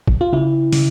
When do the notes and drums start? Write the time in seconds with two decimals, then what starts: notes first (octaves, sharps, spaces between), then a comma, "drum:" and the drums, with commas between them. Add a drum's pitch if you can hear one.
0.08 drum: kick G#1
0.21 F4
0.33 C#3 E4
0.72 C#3, drum: open hi-hat